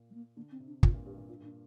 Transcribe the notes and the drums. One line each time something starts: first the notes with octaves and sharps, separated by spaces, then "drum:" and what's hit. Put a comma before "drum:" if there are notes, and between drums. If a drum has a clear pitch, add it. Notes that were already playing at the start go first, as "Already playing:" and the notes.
Already playing: A#2
G3
A#3
D3 A#3
C4
C3
D4
G2 F4, drum: kick
A#2
G2 G4
A#2
G2 F4
A#2 D4